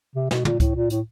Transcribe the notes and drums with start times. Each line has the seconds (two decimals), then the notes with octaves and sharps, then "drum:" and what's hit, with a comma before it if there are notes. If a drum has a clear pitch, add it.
0.15 C3
0.31 B2, drum: snare
0.45 A#2, drum: tom
0.60 A2, drum: kick C#2, hi-hat
0.76 A#2
0.90 A2, drum: hi-hat